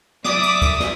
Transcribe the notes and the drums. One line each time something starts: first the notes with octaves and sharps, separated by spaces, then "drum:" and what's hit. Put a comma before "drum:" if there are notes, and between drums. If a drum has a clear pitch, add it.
F#3 D5 E5 D6 D#6, drum: snare
drum: cymbal
drum: kick, cymbal
drum: snare